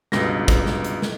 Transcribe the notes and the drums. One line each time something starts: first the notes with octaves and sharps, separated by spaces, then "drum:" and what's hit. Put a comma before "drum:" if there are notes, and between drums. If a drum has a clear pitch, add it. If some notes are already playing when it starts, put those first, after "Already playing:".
C#2 G2 B2 A#6, drum: snare
drum: kick, hi-hat
drum: snare
drum: hi-hat
drum: snare